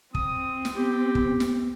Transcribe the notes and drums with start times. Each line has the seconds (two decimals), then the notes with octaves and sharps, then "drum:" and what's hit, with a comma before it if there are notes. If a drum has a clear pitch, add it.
0.15 C4 D#6, drum: kick
0.65 drum: snare
0.75 B3 G4
1.15 drum: kick
1.40 drum: snare